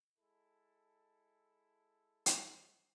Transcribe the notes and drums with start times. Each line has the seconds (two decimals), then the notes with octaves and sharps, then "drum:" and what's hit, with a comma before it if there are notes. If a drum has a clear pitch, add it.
0.18 G#3 E4 A4
2.26 drum: hi-hat